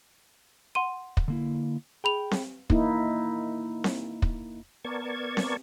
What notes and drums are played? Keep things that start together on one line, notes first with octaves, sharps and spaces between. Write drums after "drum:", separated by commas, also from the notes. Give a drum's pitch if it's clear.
F#5 C6 D#7
drum: kick
D3 A#3 E4
G#4 G5 B5 F7
drum: snare C4
A#3 D#4 E4, drum: kick
drum: snare C4
drum: kick
B3 A#4 D5 A5 C#6 G#6
drum: snare C4